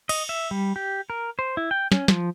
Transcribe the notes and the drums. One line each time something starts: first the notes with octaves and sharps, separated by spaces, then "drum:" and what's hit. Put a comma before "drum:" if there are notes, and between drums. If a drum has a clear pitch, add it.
D#5, drum: cymbal
E5
G3
G4
A#4
C5
E4
G5
C#4, drum: snare
F3, drum: snare